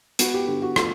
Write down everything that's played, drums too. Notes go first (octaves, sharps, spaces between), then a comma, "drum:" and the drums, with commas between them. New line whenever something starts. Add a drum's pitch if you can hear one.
B3 F#4, drum: hi-hat
G4
D3 G4
F#4
A3 F4, drum: rim click